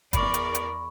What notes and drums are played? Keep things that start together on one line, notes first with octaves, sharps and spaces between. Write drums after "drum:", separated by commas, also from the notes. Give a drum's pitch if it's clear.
E2 A#4 D5 B5 C#6, drum: kick, hi-hat
drum: hi-hat
drum: hi-hat